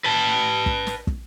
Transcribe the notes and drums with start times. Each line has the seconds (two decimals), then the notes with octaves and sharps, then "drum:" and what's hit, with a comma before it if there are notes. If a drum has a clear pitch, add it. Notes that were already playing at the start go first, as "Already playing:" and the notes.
0.04 B4 A5
0.66 drum: kick
0.87 drum: snare
1.07 drum: kick